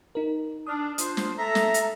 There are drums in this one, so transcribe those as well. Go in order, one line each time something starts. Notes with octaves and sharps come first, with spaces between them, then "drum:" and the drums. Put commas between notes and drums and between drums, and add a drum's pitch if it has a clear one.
D#4 A#4
D4 D#6 F6
D4 F4 C5, drum: hi-hat
drum: snare
A4 E5 A#5
drum: snare
drum: hi-hat